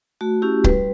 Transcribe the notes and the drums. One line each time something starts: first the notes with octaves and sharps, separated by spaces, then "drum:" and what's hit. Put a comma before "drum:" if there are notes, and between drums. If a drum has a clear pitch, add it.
A3 F#4
C#4 E4 G4
G3 B4, drum: kick C#1